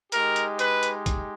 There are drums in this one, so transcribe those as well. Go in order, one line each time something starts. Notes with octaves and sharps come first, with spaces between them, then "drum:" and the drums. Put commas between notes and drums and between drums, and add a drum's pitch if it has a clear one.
G#3 D#4 G4 A#4, drum: hi-hat
drum: hi-hat
B4, drum: hi-hat
drum: hi-hat
drum: kick, hi-hat